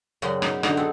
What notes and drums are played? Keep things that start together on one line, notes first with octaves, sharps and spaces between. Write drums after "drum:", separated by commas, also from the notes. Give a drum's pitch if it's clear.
F#2 C#3 F#4 D5 G5 C6
B2 D#4 B4, drum: rim click
D3 D#4 F#4, drum: rim click
C4 F#4 G#4 A4